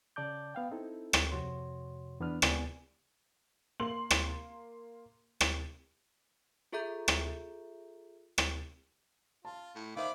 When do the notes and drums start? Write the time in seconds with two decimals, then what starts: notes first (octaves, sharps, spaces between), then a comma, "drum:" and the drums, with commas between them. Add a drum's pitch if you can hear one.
0.16 C#3 D5 A5 D6 G6
0.55 B3 F5 G5
0.71 C4 D#4 E4 A4
1.13 drum: rim click
1.32 F2 C3 F#4 C#5 C6
2.20 E2 B3 D4 B4 F6
2.42 C#2 B3 D5 G#5, drum: rim click
3.80 A#3 C6 F#7
4.10 drum: rim click
5.41 drum: rim click
6.72 F4 G#4 A4 E5 A#5 G6
7.08 drum: rim click
8.38 drum: rim click
9.45 F4 A5
9.75 A2
9.96 D#3 C5 D5 E5 F5 B5 D6